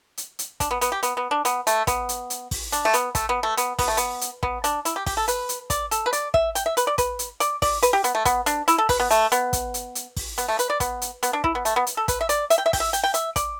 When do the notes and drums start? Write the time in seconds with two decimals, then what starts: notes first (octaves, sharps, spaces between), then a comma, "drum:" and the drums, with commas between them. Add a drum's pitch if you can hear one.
0.17 drum: hi-hat
0.39 drum: hi-hat
0.60 D4, drum: kick, hi-hat
0.71 B3
0.81 B3, drum: hi-hat
0.92 G4
1.03 B3, drum: hi-hat
1.17 B3
1.31 D4
1.45 B3, drum: hi-hat
1.67 A3, drum: hi-hat
1.87 B3, drum: kick, hi-hat
2.09 drum: hi-hat
2.30 drum: hi-hat
2.51 drum: kick, open hi-hat
2.72 D4, drum: hi-hat
2.85 A3
2.94 B3, drum: hi-hat
3.15 A3, drum: kick, hi-hat
3.29 B3
3.43 A3
3.57 B3, drum: hi-hat
3.79 B3, drum: kick, open hi-hat
3.88 A3
3.97 B3, drum: hi-hat
4.21 drum: hi-hat
4.43 B3, drum: kick
4.64 D4, drum: hi-hat
4.85 E4, drum: hi-hat
4.96 G4
5.06 G4, drum: kick, open hi-hat
5.17 A4
5.28 B4, drum: hi-hat
5.49 drum: hi-hat
5.70 D5, drum: kick, hi-hat
5.91 A4, drum: hi-hat
6.06 B4
6.13 D5, drum: hi-hat
6.34 E5, drum: kick
6.55 G5, drum: hi-hat
6.66 E5
6.77 B4, drum: hi-hat
6.87 D5
6.98 B4, drum: kick, hi-hat
7.19 drum: hi-hat
7.40 D5, drum: hi-hat
7.62 D5, drum: kick, open hi-hat
7.83 B4, drum: hi-hat
7.93 G4
8.04 B3, drum: hi-hat
8.15 A3
8.25 B3, drum: kick, hi-hat
8.46 D4, drum: hi-hat
8.68 E4, drum: hi-hat
8.78 A4
8.89 B4, drum: kick, open hi-hat
9.00 B3
9.11 A3, drum: hi-hat
9.32 B3, drum: hi-hat
9.53 drum: kick, hi-hat
9.74 drum: hi-hat
9.95 drum: hi-hat
10.17 drum: kick, open hi-hat
10.38 B3, drum: hi-hat
10.48 A3
10.59 B4, drum: hi-hat
10.70 D5
10.80 B3, drum: kick, hi-hat
11.02 drum: hi-hat
11.23 B3, drum: hi-hat
11.33 D4
11.44 E4, drum: kick
11.55 B3
11.65 A3, drum: hi-hat
11.76 B3
11.87 drum: hi-hat
11.97 A4
12.08 B4, drum: kick, hi-hat
12.21 E5
12.29 D5, drum: hi-hat
12.50 E5, drum: hi-hat
12.58 G5
12.66 E5
12.73 G5, drum: kick, open hi-hat
12.80 E5
12.93 G5, drum: hi-hat
13.04 G5
13.14 E5, drum: hi-hat
13.36 D5, drum: kick, hi-hat